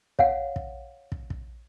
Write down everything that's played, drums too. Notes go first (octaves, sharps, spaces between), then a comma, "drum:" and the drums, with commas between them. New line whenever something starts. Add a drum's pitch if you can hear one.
C#5 F5 F#5, drum: kick
drum: kick
drum: kick
drum: kick